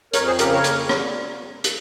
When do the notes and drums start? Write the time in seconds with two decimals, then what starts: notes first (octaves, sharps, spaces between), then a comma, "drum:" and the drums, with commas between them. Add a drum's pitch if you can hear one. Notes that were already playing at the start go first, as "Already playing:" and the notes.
0.13 F2 A#4 C#5, drum: hi-hat
0.27 G#4 C5
0.39 C#3 G4 A#4, drum: hi-hat
0.51 A#4 C#5
0.64 A#3, drum: hi-hat
0.89 G3, drum: rim click
1.64 drum: hi-hat